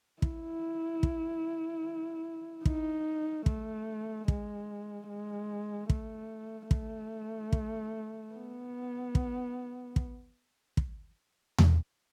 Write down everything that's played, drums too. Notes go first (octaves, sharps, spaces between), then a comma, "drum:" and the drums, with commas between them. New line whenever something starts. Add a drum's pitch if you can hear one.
E4, drum: kick
drum: kick
D#4, drum: kick
A3, drum: kick
G#3, drum: kick
G#3
A3, drum: kick
A3, drum: kick
drum: kick
B3
drum: kick
drum: kick
drum: kick
drum: tom E2